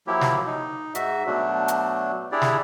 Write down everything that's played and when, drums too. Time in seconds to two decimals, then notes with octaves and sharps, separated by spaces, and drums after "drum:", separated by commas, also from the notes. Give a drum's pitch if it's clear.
0.07 F3 F#3 A#3 E4 G4
0.21 drum: snare
0.46 D#4
0.95 G#2 F#4 E5, drum: hi-hat
1.26 B2 F#3 A3 D4
1.68 drum: hi-hat
2.32 D4 E4 G4 G#4 D5
2.42 drum: snare